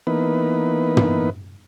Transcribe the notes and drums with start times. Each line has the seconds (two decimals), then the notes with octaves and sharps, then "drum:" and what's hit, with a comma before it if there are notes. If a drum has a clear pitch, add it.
0.07 E3 A#3 B3 D#4 B4
0.97 drum: tom